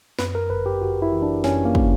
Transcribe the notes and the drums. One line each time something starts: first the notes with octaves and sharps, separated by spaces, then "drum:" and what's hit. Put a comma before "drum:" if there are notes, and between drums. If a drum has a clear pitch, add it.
F#2 B4, drum: snare
A#4
G1 B4
G4
G1 F#4
E4
E3
D4
F#2 C#4, drum: snare
A#3
drum: kick